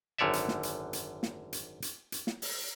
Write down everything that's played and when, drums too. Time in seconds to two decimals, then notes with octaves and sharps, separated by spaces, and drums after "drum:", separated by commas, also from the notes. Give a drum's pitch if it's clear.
0.18 G#1 F#2 D3 C#5 D5 E5
0.33 drum: hi-hat
0.48 drum: snare
0.63 drum: hi-hat
0.93 drum: hi-hat
1.23 drum: snare
1.53 drum: hi-hat
1.82 drum: hi-hat
2.12 drum: hi-hat
2.27 drum: snare
2.42 drum: open hi-hat